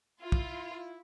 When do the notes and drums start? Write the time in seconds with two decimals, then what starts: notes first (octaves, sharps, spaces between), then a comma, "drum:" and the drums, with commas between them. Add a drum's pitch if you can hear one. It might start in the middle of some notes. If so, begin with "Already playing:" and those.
0.21 E4 F4
0.32 drum: kick